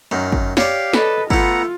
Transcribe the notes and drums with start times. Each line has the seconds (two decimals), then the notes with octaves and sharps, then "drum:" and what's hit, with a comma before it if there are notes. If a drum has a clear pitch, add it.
0.11 F#2 D#3
0.32 drum: kick
0.57 G4 C#5 D5 F5, drum: snare
0.93 A4 B4 D#5, drum: snare
1.30 A3 B3 E4 F4 F#5 A#5, drum: kick